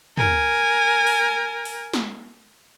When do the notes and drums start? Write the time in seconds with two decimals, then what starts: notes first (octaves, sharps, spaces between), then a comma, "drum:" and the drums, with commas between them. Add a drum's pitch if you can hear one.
0.17 A#4 G#5, drum: tom
1.07 drum: open hi-hat
1.65 drum: open hi-hat
1.94 drum: snare